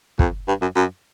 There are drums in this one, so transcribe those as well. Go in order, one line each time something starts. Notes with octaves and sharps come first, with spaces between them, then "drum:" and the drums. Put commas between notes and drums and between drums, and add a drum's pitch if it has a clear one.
F2, drum: kick
G2
F#2
F#2